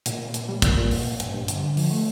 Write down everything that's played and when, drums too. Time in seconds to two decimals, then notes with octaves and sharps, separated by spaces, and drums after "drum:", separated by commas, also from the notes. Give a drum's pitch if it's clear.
0.06 A#2, drum: hi-hat
0.19 A#2
0.34 A#2, drum: hi-hat
0.49 G3
0.62 A#2, drum: kick, hi-hat
0.77 A#2
0.91 A#2, drum: open hi-hat
1.05 A#2
1.20 G2, drum: hi-hat
1.34 G2
1.48 D3, drum: hi-hat
1.63 D3
1.77 F3, drum: open hi-hat
1.91 A3